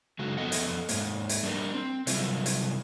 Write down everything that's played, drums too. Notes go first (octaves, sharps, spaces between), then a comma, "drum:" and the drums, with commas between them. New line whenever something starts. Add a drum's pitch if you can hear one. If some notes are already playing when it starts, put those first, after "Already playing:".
C#3 F#3 G#3 F#4
F2 B3 A4 D#5 F#5
drum: hi-hat
G#2 A#3, drum: hi-hat
drum: hi-hat
G3 A3 A#3 D4 G4 A#4
C4
C3 F#3 G3 E4 F4, drum: hi-hat
drum: hi-hat